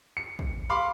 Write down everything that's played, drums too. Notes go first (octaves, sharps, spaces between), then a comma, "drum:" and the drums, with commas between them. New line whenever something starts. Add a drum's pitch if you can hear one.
C#7
drum: kick
F5 B5 C6 D6